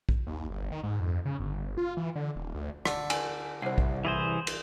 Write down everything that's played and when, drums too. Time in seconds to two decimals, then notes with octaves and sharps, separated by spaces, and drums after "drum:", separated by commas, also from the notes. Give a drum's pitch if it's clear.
0.09 drum: kick
0.27 D#2
0.50 G1
0.72 D#3
0.83 G#2
1.00 F2
1.25 C#3
1.40 G1
1.77 F4
1.97 E3
2.15 D3
2.36 D#1
2.55 D2
2.86 D3, drum: rim click
3.10 G#5, drum: cymbal
3.62 C2 C5 F#5
3.78 drum: kick
4.05 E3 G#4 C5 E5
4.47 drum: cymbal